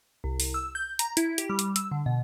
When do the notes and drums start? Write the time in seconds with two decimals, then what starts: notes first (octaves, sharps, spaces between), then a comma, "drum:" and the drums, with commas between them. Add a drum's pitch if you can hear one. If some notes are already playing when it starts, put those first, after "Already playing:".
0.24 C2
0.40 drum: open hi-hat
0.54 E6
0.75 G6
0.99 A#5, drum: hi-hat
1.17 E4, drum: hi-hat
1.38 G4, drum: hi-hat
1.50 G3
1.59 drum: hi-hat
1.76 E6, drum: hi-hat
1.91 D3
2.06 B2